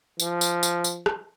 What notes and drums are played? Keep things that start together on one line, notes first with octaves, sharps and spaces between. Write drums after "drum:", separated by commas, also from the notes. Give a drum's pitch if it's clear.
F3, drum: tambourine
drum: tambourine
drum: tambourine
drum: tambourine
drum: rim click